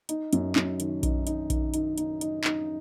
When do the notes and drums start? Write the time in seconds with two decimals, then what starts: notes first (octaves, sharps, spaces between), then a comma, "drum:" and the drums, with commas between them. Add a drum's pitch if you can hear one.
0.09 D#4, drum: hi-hat
0.33 F#2, drum: hi-hat
0.56 F#2, drum: clap
0.80 D#3, drum: hi-hat
1.03 D#4, drum: kick A#1, hi-hat
1.27 D#4, drum: hi-hat
1.50 D#3, drum: kick A#1, hi-hat
1.74 D#4, drum: hi-hat
1.98 D#4, drum: hi-hat
2.21 D#4, drum: hi-hat
2.44 D#4, drum: clap